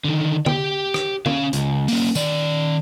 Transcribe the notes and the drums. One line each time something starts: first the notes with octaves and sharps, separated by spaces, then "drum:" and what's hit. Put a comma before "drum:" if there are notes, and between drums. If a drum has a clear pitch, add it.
D3 D#3
G4 G5, drum: tom D3
drum: rim click
C#4 F5, drum: tom D3
C#2, drum: hi-hat
A#3 C#4, drum: open hi-hat
D#3 D5, drum: tambourine